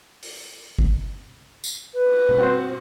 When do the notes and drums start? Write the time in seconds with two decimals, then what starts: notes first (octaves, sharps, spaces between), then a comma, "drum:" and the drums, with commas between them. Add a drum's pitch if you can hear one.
0.22 drum: open hi-hat
0.79 drum: kick G1
1.64 drum: tambourine
1.94 B4
2.06 drum: cymbal
2.29 drum: tom B2
2.38 C4 F#4 C5